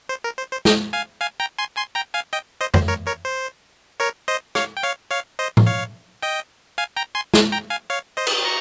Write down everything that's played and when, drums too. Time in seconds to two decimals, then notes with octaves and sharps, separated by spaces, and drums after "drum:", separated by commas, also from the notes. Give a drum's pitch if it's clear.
0.09 C5
0.24 A#4
0.38 C5
0.52 C5
0.65 D#5 G5, drum: snare
0.93 F5 G#5
1.21 F5 G#5
1.40 G5 A#5
1.59 G#5 C6
1.77 G#5 C6
1.95 G5 A#5
2.14 F5 G#5
2.33 D#5 G5
2.61 C5 D#5
2.74 C5, drum: tom F2
2.88 A#4 C#5
3.07 A#4 C#5
3.25 C5
4.00 A#4 C#5
4.28 C5 D#5
4.55 C#5 F5, drum: rim click
4.77 G5
4.83 C#5 F5
5.11 C#5 F5
5.39 C5 D#5
5.57 drum: tom A2
5.66 C#5 F5
6.22 D#5 G5
6.78 F5 G#5
6.96 G5 A#5
7.15 G#5 C6
7.34 G#5 C6, drum: snare
7.52 G5 A#5
7.70 F5 G#5
7.90 C#5 F5
8.17 C5 D#5
8.27 drum: cymbal
8.45 A#5 C#6